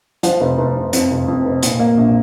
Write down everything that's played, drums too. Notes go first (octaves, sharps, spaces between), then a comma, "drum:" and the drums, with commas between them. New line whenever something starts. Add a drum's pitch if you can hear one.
F3, drum: hi-hat
F1
F1
F1
F2, drum: hi-hat
F1
F2
F1
A#2, drum: hi-hat
A#3
A#1